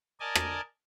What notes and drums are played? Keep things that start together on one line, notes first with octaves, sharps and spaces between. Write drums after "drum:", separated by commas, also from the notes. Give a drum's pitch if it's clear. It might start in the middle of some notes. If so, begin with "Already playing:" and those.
A#4 D5 D#5 G#5 A5
drum: rim click